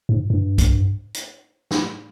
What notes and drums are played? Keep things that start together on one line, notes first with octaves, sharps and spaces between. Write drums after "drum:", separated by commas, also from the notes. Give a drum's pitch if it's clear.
G#2
G2
drum: kick B1, hi-hat
drum: hi-hat
drum: snare